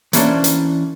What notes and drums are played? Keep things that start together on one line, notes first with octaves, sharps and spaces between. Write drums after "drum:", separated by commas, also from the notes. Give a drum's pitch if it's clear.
E3 A#3 C#4 D4 C5, drum: hi-hat
drum: hi-hat